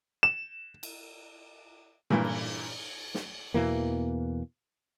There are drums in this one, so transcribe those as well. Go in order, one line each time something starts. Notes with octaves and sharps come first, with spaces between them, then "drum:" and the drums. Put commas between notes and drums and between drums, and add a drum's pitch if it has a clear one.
E7
drum: cymbal
G2 A#2 E3 A#3 E4, drum: tom A#2
drum: cymbal
drum: snare
E2 B2 E3 A#3